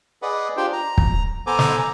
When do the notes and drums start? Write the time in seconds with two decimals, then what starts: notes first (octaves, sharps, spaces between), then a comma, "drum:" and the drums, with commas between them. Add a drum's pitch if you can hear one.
0.22 G#4 B4 D5 D#5 F#5
0.57 D4 F4 G4 C5 G5
0.73 A#5
0.98 drum: kick
1.47 B3 A4 C5 G#5 A#5 D6
1.59 drum: snare
1.79 A#5